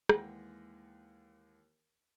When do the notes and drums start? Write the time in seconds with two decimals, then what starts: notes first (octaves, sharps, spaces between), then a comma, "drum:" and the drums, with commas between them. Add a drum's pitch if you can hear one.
0.09 D#2 E3 G#3 F#5 G5 A#6, drum: rim click